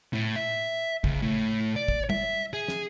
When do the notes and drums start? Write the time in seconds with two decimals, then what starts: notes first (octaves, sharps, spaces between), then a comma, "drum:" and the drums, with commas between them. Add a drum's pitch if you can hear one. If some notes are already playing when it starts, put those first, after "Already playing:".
0.13 A2
0.36 E5
1.04 C#2, drum: kick
1.22 A2
1.76 D5
1.88 drum: kick
2.10 E5, drum: tom
2.53 G#4
2.68 drum: snare